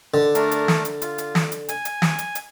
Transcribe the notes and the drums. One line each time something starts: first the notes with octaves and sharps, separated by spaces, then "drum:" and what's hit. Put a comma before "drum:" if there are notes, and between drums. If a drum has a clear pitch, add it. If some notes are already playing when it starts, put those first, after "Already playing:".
D3
A3 D4 A#4, drum: hi-hat
drum: hi-hat
drum: snare
drum: hi-hat
F4, drum: hi-hat
drum: hi-hat
drum: snare
drum: hi-hat
G#5, drum: hi-hat
drum: hi-hat
drum: snare
drum: hi-hat
drum: hi-hat